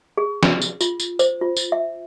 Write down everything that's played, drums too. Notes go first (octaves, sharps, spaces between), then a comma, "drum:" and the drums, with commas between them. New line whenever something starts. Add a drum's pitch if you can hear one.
G#4
drum: snare
drum: tambourine
F4, drum: tambourine
drum: tambourine
C5, drum: tambourine
F4
drum: tambourine
E5